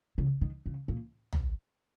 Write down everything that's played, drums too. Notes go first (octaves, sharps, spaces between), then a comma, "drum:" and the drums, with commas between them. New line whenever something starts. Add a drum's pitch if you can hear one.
C#3
D#3
C#3
A#2
drum: tom